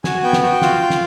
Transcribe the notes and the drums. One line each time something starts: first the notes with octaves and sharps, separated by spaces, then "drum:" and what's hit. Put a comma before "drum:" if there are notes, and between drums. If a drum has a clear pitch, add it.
F#4 G#5, drum: snare
B3 G5
drum: snare
F#4 G5
F4, drum: snare
F4
drum: snare